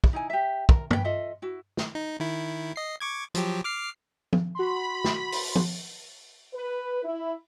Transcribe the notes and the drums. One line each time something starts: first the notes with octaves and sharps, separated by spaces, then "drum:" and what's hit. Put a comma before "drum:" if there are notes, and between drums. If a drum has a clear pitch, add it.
drum: kick
D#4 E4 G#5
G4 E5
A#4, drum: kick
C#4 B4 C5 G5, drum: tom
F4 A4 D#5 E5
E4 F#4
drum: snare
D#4
D#3 E4
D#5 C7
C#6 D6 G#6
F3 F#3 G4, drum: hi-hat
D6 F6 C7
drum: tom F3
F#4 B5 C6
drum: snare
drum: open hi-hat
drum: tom F3
B4
E4